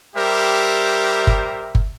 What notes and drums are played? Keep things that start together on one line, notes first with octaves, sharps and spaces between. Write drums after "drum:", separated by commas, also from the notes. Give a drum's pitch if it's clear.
G3 G4 A#4 C5 E5
drum: kick G1
drum: kick G1